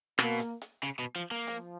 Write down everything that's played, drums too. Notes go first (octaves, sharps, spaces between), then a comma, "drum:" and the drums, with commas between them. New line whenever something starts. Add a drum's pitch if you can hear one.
B2 A#3, drum: rim click
drum: hi-hat
drum: hi-hat
C#3, drum: hi-hat
B2
F3
A#3
F3, drum: hi-hat